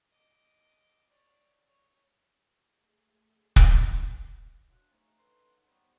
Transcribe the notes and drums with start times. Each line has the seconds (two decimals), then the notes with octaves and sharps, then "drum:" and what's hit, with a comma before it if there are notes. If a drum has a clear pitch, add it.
0.13 D#5 D6
1.10 C#5 D5
1.68 C#5
2.72 A3 G#4
3.56 drum: kick
4.69 F#3 D4 F4
4.91 G#2 A3 C#4 D#4 C#5
5.17 A4 B4 C6
5.50 F#5 A#5
5.67 G3 B3 C5 C6 C#6